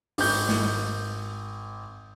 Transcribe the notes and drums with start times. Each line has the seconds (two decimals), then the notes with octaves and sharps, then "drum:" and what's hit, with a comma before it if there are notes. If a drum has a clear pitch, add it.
0.18 G#1 G6, drum: open hi-hat
0.49 drum: snare